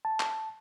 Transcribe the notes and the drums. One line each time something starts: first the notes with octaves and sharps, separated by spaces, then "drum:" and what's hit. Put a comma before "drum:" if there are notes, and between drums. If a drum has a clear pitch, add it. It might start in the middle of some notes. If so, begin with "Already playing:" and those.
A5
drum: clap